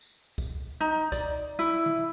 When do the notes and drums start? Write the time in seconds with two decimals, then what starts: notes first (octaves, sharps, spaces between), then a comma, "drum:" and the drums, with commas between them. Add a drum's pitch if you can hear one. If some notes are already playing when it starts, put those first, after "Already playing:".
0.01 drum: tambourine
0.38 drum: kick, tambourine
0.80 D#4
1.12 D5, drum: kick, tambourine
1.59 E4
1.86 drum: tom